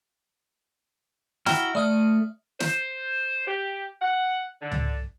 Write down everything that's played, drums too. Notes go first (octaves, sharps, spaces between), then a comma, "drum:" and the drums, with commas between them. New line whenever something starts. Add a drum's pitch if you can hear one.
E4 F#4 G5 A#5 F6 G7, drum: snare
A3 D5 E5 D#6 F6
C5, drum: snare
G4
F#5
D3
drum: tom C#2